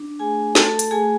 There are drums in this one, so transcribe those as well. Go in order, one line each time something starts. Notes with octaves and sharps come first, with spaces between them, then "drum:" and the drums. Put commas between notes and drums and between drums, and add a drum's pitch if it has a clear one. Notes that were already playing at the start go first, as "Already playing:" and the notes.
Already playing: D4
A3 G#4 G#5
F#4 A4 A5, drum: snare
drum: hi-hat
A3 G#4 G#5